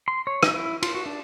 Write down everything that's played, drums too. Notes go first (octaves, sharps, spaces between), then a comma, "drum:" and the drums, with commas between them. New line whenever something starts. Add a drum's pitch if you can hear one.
C6
C#5
D#4, drum: rim click
E4
F4, drum: cymbal
F#4
D4